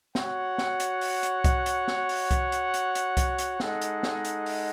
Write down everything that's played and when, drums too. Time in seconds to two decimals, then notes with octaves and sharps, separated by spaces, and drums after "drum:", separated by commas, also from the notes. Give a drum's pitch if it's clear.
0.15 F#4 C#5 F#5, drum: snare
0.58 drum: snare
0.80 drum: hi-hat
1.01 drum: open hi-hat
1.23 drum: hi-hat
1.44 drum: kick C2, hi-hat
1.66 drum: hi-hat
1.88 drum: snare
2.09 drum: open hi-hat
2.31 drum: kick C2, hi-hat
2.52 drum: hi-hat
2.74 drum: hi-hat
2.95 drum: hi-hat
3.17 drum: kick C2, hi-hat
3.38 drum: hi-hat
3.60 G#3 D#4 A4 D#5 F#5, drum: snare
3.82 drum: hi-hat
4.03 drum: snare
4.25 drum: hi-hat
4.46 drum: open hi-hat